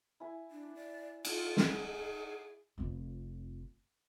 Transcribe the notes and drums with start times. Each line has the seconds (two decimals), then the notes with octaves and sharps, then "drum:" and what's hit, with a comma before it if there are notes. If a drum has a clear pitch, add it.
0.20 E4 G#5
0.51 D4
0.75 D5
1.25 F4, drum: cymbal
1.57 drum: snare
1.66 G#4
2.78 F1 F2